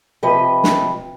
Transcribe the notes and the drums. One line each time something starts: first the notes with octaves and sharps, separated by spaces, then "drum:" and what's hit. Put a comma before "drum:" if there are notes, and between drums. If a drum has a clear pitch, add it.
C3 F3 B4 D#5
drum: snare